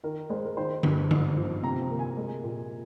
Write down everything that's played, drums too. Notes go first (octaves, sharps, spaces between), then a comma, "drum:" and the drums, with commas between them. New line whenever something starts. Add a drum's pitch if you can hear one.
D#3 A#4
G#3 C5
A#4
D#3 C5
G2, drum: tom D3
G#2, drum: tom D3
F3
C3 A#5
A#5
A#3
G#5
G#3
A#2